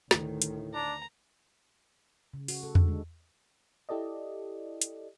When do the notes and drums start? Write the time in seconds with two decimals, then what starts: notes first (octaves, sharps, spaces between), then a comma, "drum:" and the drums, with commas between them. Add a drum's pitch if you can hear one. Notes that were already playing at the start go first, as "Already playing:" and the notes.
0.11 D2 A2 D#3, drum: snare
0.42 drum: hi-hat
0.74 D4 A#5
2.34 C#3
2.48 F#4, drum: open hi-hat
2.63 A4
2.75 D3, drum: tom E2
2.88 G#3
3.89 E4 G4 A4 D5 D#5
4.82 drum: hi-hat